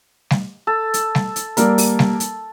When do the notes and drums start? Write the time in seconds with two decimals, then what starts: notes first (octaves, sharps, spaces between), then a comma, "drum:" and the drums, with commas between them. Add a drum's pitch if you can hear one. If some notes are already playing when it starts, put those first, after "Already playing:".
0.30 drum: snare G3
0.67 A4
0.94 drum: hi-hat
1.15 drum: snare G3
1.36 drum: hi-hat
1.57 G3 A#3 A#4, drum: hi-hat
1.78 drum: open hi-hat
1.99 drum: snare G3
2.20 drum: hi-hat